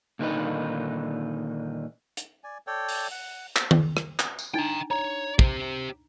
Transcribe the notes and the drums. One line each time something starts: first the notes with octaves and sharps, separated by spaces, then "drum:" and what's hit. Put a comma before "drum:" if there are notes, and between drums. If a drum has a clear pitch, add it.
A#2 D3 D#3 D4 D#4 B4
drum: hi-hat
D5 G#5
A4 C#5 D5 G5
drum: open hi-hat
F#5
drum: clap
drum: tom D#3
drum: rim click
drum: clap
drum: tambourine
D4 D#4 G5 A#5
C#5 A#5
G4 C5, drum: kick